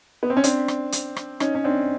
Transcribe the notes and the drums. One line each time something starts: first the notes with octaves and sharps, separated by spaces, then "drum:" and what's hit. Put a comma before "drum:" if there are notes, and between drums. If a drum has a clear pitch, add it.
B3
C4
C#4
C4 D4, drum: hi-hat
drum: rim click
drum: hi-hat
drum: rim click
C#4 D#4, drum: rim click
C#4
C4 D4